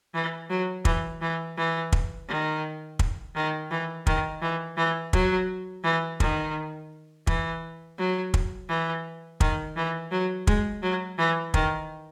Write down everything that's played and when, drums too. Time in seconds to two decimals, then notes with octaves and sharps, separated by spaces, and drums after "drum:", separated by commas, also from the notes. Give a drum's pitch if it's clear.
0.14 E3
0.50 F#3
0.85 E3, drum: kick
1.21 E3
1.57 E3
1.92 drum: kick
2.28 D#3
2.99 drum: kick
3.35 D#3
3.71 E3
4.07 D#3, drum: kick
4.42 E3
4.77 E3
5.13 F#3, drum: kick
5.84 E3
6.20 D#3, drum: kick
7.27 E3, drum: kick
7.98 F#3
8.34 drum: kick
8.69 E3
9.40 D#3, drum: kick
9.76 E3
10.12 F#3
10.47 G#3, drum: kick
10.82 F#3
11.18 E3
11.54 D#3, drum: kick